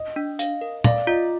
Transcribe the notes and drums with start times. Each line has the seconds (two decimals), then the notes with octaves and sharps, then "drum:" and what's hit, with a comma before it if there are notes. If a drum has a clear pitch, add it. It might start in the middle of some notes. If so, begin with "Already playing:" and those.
Already playing: D#5
0.16 D4
0.39 F5, drum: hi-hat
0.61 A#4
0.84 D5 F5, drum: tom
1.07 F4 D#5